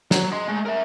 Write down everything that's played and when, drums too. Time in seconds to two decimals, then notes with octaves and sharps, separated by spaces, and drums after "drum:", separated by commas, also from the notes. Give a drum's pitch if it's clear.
0.11 F#3, drum: snare
0.32 D#5 C6
0.48 G#3 A3
0.66 A#4 E5